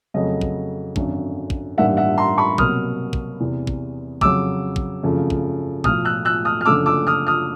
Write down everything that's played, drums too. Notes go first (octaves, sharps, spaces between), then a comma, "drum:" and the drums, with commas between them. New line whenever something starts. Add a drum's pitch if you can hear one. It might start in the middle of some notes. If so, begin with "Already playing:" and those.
F2 C#3 F#3 A3 D#5
drum: kick
G#1 F#2 D3, drum: kick
drum: kick
A1 G2 D#3 G3 A#3 E5 F#5
E5 F#5
A#5 C6
B5 C#6
C2 B2 F#3 A#3 D#6 F6, drum: kick
drum: kick
E2 C3 E3
drum: kick
F2 C#3 F#3 D6 E6, drum: kick
drum: kick
G#1 F#2 C#3 F3 A3
drum: kick
B1 A2 F3 D#6 F6, drum: kick
E6 F#6
E6 F#6
D#6 F6
F6
F#1 F#2 D3 F3 A3 D6 E6
D6 E6
D#6 F6
D#6 F6